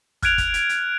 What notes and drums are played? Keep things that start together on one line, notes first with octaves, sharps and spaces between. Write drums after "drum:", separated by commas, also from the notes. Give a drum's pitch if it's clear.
F6 F#6 G#6 D7 F7, drum: kick, hi-hat
drum: kick, hi-hat
drum: hi-hat
drum: hi-hat